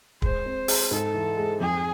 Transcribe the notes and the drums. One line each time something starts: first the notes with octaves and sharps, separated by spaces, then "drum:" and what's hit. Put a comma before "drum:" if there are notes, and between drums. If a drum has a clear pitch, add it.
G#3 C5, drum: kick
C4
G#4, drum: open hi-hat
G#2 A4
E3
G#3
F2 G#4